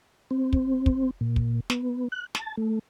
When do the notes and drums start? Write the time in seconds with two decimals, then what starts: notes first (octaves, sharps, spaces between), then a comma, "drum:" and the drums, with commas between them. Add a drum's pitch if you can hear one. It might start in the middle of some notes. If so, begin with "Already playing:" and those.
0.31 C4
0.53 drum: kick
0.86 drum: kick
1.21 A#2
1.36 drum: kick
1.70 B3, drum: snare
2.12 F#6
2.35 A5, drum: snare
2.57 A3